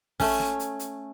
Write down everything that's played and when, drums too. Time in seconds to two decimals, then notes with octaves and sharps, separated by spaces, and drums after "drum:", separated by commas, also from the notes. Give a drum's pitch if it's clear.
0.20 A3 C#4, drum: kick, open hi-hat
0.40 drum: snare
0.59 drum: hi-hat
0.79 drum: hi-hat